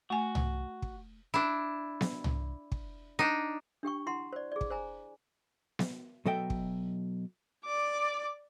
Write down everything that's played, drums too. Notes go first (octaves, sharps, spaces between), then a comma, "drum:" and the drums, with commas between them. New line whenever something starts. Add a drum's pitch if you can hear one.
A3 F#4 G#5
drum: tom
drum: kick
D4 E4
drum: snare B3
drum: tom
drum: kick
D4 D#4
D4 G4 G5 C#6
E4 F#5 A#5 C6
C5 D5
G#4 D5
drum: kick
C5 G#5 A#5
drum: snare B3
B2 F#3 A4 D#5 E5 G5
drum: kick
D5 D6